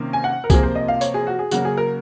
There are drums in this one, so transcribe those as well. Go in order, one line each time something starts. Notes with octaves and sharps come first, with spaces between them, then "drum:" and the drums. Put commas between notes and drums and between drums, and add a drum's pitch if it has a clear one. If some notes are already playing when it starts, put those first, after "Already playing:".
Already playing: C3 D#3 A#3 C#4
G#5
F#5
A#4
C3 F3 A#3 G#4, drum: kick C2, tambourine
C5
D#5
F5
C#5, drum: tambourine
G#4
F#4
G#4
C#3 F#3 A#3 C#4 F#4, drum: tambourine
G#4
A#4